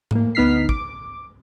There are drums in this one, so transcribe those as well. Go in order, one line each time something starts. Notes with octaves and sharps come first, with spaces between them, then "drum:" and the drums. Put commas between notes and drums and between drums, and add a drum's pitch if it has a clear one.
A2 A#3, drum: tom G#2
D2 B3 D#4 F6 B6 C7
D6, drum: kick